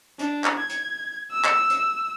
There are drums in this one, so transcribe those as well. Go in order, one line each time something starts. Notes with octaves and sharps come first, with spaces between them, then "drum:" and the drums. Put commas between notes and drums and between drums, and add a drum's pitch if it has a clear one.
D4, drum: hi-hat
drum: clap
G#6
drum: hi-hat
E6
drum: clap
drum: hi-hat